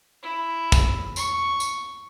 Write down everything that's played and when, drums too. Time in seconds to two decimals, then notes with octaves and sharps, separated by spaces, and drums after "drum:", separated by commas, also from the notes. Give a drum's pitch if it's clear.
0.23 E4
0.72 drum: kick, tambourine
1.16 C#6, drum: tambourine
1.60 drum: tambourine